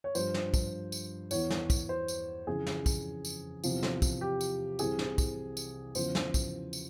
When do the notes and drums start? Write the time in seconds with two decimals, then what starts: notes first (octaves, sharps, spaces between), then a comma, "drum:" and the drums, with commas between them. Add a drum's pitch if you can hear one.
0.04 C#5
0.15 G2 F3 C5, drum: tambourine
0.34 drum: snare
0.54 drum: kick, tambourine
0.92 drum: tambourine
1.31 E2 E3 C#5, drum: tambourine
1.50 drum: snare
1.70 drum: kick, tambourine
1.89 C5
2.08 drum: tambourine
2.47 F2 C#3 E3 G#4
2.67 drum: snare
2.86 drum: kick, tambourine
3.25 drum: tambourine
3.64 E2 C3 F3, drum: tambourine
3.83 drum: snare
4.02 drum: kick, tambourine
4.21 G4
4.41 drum: tambourine
4.79 C2 C3 E3 G#4, drum: tambourine
4.99 drum: snare
5.18 drum: kick, tambourine
5.57 drum: tambourine
5.95 E2 C#3 F3 C5, drum: tambourine
6.15 drum: snare
6.34 drum: kick, tambourine
6.73 drum: tambourine